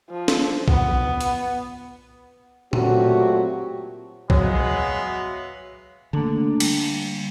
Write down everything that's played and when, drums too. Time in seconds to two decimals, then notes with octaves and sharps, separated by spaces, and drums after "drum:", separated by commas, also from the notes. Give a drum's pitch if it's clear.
0.10 F3
0.28 drum: snare
0.68 B3, drum: kick B1
1.21 drum: hi-hat
2.73 A#2 F#3 A3 C4 F#4 G4, drum: tom A#2
4.30 F#3 G#3 B3 E5 F5, drum: kick B1
6.13 D3 A3 A#3 D4
6.60 G3, drum: cymbal